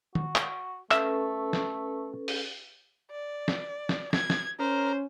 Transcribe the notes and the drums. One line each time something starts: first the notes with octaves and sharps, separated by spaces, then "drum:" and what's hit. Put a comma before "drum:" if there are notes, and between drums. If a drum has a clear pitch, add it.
F#4, drum: tom
drum: clap
A3 C#4 A4 B4 E5, drum: clap
drum: snare
drum: open hi-hat
D5
drum: snare
drum: snare
G#6, drum: snare
drum: snare
C#4 A#4 C5